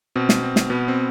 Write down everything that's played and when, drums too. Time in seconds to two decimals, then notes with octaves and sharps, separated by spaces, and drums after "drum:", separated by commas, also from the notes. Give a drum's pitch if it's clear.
0.15 B2 C4
0.29 drum: snare
0.43 C4
0.56 drum: snare
0.70 B2 B3
0.88 C4